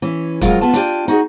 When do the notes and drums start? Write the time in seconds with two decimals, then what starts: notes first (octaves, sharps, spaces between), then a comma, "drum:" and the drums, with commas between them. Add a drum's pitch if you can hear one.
0.02 E3 C#4
0.41 F2 F#3 G#3 F4 A#4, drum: kick, hi-hat
0.61 B3 F4 A5
0.73 D4 F4 G4 G#5, drum: hi-hat
1.08 D#4 F#4 G#4